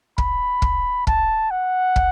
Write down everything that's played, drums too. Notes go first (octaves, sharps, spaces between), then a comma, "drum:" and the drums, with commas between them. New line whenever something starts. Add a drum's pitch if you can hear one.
B5, drum: kick
drum: kick
A5, drum: kick
F#5
drum: kick